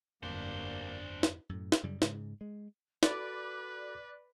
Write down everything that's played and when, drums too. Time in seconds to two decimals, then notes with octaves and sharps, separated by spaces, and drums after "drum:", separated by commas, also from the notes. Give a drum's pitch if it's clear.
0.23 G1 F2 F#3 G3 A#3 D4 C5
1.23 drum: snare
1.49 F#2 A2
1.72 drum: snare
1.83 F#2 C#3 G3
2.02 G#2 C#3, drum: snare
2.41 G#3
3.03 F#4 A4 B4 D5 B5 F#6, drum: snare